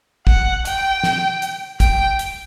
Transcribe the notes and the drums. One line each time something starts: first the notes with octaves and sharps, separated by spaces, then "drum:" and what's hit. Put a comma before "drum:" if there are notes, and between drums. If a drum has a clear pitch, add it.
F#5, drum: kick
G5, drum: hi-hat
drum: snare
drum: hi-hat
G5, drum: kick, hi-hat
drum: hi-hat